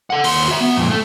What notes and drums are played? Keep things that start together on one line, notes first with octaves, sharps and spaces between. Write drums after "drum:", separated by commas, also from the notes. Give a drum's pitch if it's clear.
A4 F#5
D#2 C6, drum: open hi-hat
F#4 E5
B3
F2 A#2
A3